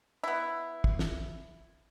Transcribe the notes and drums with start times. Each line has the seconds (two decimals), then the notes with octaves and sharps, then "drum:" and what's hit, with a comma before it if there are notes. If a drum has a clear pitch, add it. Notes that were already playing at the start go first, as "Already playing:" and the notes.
0.24 B3 E4
0.84 drum: kick
0.99 drum: snare